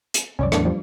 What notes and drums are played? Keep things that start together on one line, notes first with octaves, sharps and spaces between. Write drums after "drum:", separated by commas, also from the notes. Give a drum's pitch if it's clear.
drum: hi-hat
C2 F#2 C#4 C#5 D5
E2 A2 F#3 A3 B3 D4, drum: rim click
F3 G3